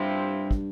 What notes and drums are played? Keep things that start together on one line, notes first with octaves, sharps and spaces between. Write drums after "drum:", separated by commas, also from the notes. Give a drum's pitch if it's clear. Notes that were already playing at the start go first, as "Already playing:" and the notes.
Already playing: G2 C3 F3 C4 E4
drum: kick